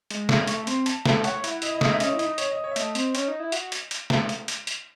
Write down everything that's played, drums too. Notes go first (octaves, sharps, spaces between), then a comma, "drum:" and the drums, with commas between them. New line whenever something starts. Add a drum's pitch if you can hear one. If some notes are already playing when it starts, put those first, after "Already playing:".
G#3, drum: hi-hat
drum: snare
G#3
A3 C#6, drum: hi-hat
C4 C6, drum: hi-hat
A5, drum: hi-hat
A4, drum: snare
C#5 F#5, drum: hi-hat
E4, drum: hi-hat
E4 D#5, drum: hi-hat
D#5
D#4, drum: snare
E5
C#4 D#5, drum: hi-hat
E4
D#5, drum: hi-hat
D#4
C#5, drum: hi-hat
D#5
C#5
E5
A3 D#5, drum: hi-hat
C4, drum: hi-hat
C#4, drum: hi-hat
D#4
E4
F#4, drum: hi-hat
drum: hi-hat
drum: hi-hat
drum: snare
drum: hi-hat
drum: hi-hat
drum: hi-hat